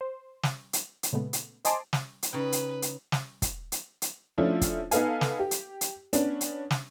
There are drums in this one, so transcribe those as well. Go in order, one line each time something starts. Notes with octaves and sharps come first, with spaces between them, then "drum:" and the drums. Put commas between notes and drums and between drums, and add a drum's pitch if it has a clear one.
C5
drum: snare
drum: hi-hat
drum: hi-hat
A#2 C#3 G#3 A3 B3
drum: hi-hat
C5 D#5 G#5 A5 C6 D6, drum: hi-hat
drum: snare
drum: hi-hat
C#3 D#4 B4 G5
drum: hi-hat
drum: hi-hat
drum: snare
drum: kick, hi-hat
drum: hi-hat
drum: hi-hat
F3 A3 C#4 D4 E4 F4
drum: kick, hi-hat
B3 D#4 A4 B4 F5 G#5, drum: hi-hat
drum: snare
G4
drum: hi-hat
drum: hi-hat
B3 C#4 D4, drum: hi-hat
drum: hi-hat
drum: snare